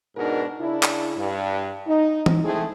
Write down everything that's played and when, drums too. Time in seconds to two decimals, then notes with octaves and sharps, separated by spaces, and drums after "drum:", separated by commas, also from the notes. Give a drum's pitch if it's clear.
0.17 G#2 B2 D4 D#4 A#4
0.59 C#3 D4 E4
0.83 drum: clap
1.17 G2
1.87 D#4
2.26 drum: tom E3
2.44 G#3 A3 C4 E4 G#4